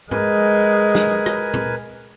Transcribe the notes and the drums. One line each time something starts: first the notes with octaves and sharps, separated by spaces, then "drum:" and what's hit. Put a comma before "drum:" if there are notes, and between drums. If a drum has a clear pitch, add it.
G#3 A#4 B4 G#5, drum: tom G#2
drum: snare
drum: rim click
drum: tom A#2